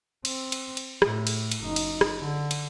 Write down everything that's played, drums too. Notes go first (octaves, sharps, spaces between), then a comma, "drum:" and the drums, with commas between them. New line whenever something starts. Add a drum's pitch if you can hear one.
C4, drum: cymbal
drum: cymbal
drum: cymbal
A2, drum: rim click
drum: cymbal
drum: cymbal
F#1 D#4
drum: cymbal
drum: rim click
D3
drum: cymbal